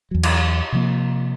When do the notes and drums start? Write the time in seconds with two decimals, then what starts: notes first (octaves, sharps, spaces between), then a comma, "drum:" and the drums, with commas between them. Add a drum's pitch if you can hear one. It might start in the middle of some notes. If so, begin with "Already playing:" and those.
0.11 E2 F#3
0.23 drum: cymbal
0.72 C3 F3 A#3